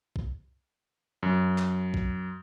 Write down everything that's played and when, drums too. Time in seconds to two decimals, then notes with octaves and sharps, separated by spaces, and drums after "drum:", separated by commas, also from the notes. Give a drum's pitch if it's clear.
0.16 drum: kick B1
1.23 F#2
1.58 drum: clap
1.94 drum: kick B1